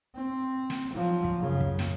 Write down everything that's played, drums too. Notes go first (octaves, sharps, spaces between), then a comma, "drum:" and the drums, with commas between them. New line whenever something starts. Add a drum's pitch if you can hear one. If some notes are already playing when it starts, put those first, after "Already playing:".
C4
drum: snare
F3 F#3
drum: kick
F#2 C#3
drum: kick
drum: snare